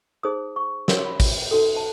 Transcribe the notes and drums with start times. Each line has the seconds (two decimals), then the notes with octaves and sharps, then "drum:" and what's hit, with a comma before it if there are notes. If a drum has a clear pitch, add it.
0.23 D#4 G#4 C5 D#6
0.56 C#6
0.88 C#4 F#4 A#4 C#5 C6, drum: snare
1.04 B5
1.20 drum: kick, open hi-hat
1.51 D#4 F#4 A4
1.76 A5